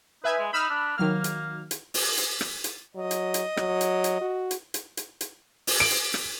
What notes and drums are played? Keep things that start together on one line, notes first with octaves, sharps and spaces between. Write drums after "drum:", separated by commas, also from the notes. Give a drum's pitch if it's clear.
D#4 B4 E5 G#5
G#3
D#4 B5 E6 F6
D4
D#3 F#3 A#3 F6
drum: hi-hat
drum: hi-hat
drum: open hi-hat
drum: hi-hat
drum: rim click
drum: hi-hat
F#3 D#5
drum: hi-hat
drum: hi-hat
F#3, drum: rim click
drum: hi-hat
drum: hi-hat
F#4
drum: hi-hat
drum: hi-hat
drum: hi-hat
drum: hi-hat
drum: open hi-hat
D7
drum: hi-hat
drum: rim click